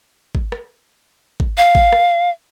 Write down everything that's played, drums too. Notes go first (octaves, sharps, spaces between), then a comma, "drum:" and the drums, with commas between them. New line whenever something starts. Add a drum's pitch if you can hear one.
drum: kick
drum: rim click
drum: kick
F5
drum: kick
drum: rim click